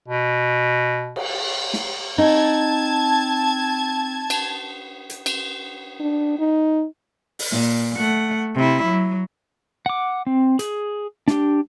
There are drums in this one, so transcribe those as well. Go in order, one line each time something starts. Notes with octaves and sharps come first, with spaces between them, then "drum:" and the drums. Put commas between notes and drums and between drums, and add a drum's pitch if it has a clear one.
B2
drum: cymbal
drum: snare
C4 D#4 A5 G#6
drum: cymbal
drum: hi-hat
drum: cymbal
D4
D#4
drum: open hi-hat
A#2, drum: snare
A3 F#5
C3 E4
F#3
F#5 D6
C4
G#4, drum: hi-hat
D4 G4, drum: snare